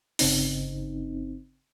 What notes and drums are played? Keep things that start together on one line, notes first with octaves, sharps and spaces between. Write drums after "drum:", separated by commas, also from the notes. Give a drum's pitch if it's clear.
G1 C#3 C4 D#4, drum: open hi-hat